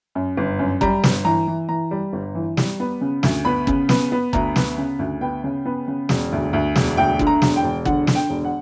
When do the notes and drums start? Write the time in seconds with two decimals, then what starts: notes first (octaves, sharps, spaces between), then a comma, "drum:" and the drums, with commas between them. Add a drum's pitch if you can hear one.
0.15 F#2
0.37 G1
0.59 F#2
0.81 G3 A#5, drum: kick
1.04 G1, drum: snare
1.25 E3 A#5
1.47 E3
1.69 E3 A#5
1.91 G3
2.13 G1
2.35 E3
2.57 G3, drum: snare
2.80 B3
3.01 C#3
3.23 D2, drum: snare
3.45 B3 B5
3.67 C#3, drum: kick
3.89 B3, drum: snare
4.12 B3
4.33 D2 A#5, drum: kick
4.56 B3, drum: snare
4.78 C#3
4.99 D2
5.21 B3 G5
5.44 C#3
5.66 B3
5.88 C#3
6.09 E1, drum: snare
6.32 D2
6.53 D2
6.76 E1, drum: snare
6.97 D2 G5
7.19 D3, drum: kick
7.27 A#5
7.42 E1, drum: snare
7.56 G5
7.63 E1
7.85 D3 F#5, drum: kick
8.07 D3, drum: snare
8.15 G5
8.30 E1
8.45 F#5